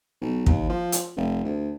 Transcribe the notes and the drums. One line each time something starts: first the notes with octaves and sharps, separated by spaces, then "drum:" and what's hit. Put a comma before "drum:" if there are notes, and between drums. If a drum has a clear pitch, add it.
B1
D#2, drum: kick
F3
drum: hi-hat
F1
D2